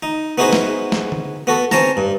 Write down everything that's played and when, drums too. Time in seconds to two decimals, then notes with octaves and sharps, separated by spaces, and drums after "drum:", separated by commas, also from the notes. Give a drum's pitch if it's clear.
0.03 D#4
0.38 B3 D#4 E4 F#4 G#4 C5
0.53 drum: snare
0.92 drum: snare
1.12 drum: tom D3
1.47 B3 F#4 A4
1.71 C4 C#4 C5 A5 A#5, drum: snare
1.97 G2